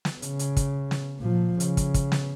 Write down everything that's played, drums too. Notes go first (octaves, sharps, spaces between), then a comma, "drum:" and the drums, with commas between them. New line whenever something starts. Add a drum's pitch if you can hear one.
drum: snare
C#3, drum: hi-hat
drum: hi-hat
drum: kick, hi-hat
drum: snare
A#2 F3
C#3, drum: hi-hat
drum: kick, hi-hat
drum: kick, hi-hat
drum: snare